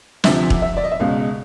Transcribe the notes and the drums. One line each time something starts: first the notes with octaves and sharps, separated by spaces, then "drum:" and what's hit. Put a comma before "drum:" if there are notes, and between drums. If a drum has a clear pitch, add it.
D2 C3 F3 E5, drum: snare
drum: kick E1
E5
D5
D#5
E5
C#2 B2 G#3 F5